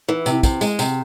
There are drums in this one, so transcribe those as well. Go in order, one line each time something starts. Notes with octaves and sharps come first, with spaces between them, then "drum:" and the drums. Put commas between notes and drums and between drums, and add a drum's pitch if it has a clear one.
E3
C3, drum: tambourine
C3, drum: kick, tambourine
G#3, drum: tambourine
C3, drum: tambourine